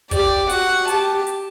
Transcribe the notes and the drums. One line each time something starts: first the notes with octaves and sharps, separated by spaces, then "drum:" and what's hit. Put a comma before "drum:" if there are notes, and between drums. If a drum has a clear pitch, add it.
G4 D5, drum: kick, hi-hat
F#4 F#5, drum: hi-hat
G4 A5, drum: hi-hat
drum: hi-hat